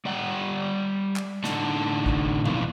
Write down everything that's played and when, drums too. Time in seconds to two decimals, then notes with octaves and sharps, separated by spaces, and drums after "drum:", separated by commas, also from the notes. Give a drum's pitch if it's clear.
0.05 G3 D5 F#5 G5
1.16 drum: clap
1.44 A2 D3 D4 D#4 F#5 A5, drum: snare
2.06 drum: kick
2.46 E2 A#2 F3 B3 E4 F4, drum: tom B2